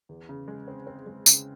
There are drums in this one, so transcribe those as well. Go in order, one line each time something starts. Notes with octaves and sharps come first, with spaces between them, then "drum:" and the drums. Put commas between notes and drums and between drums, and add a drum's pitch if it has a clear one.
E2
C#3
G#3
C4
C4
G#3
C#3, drum: tambourine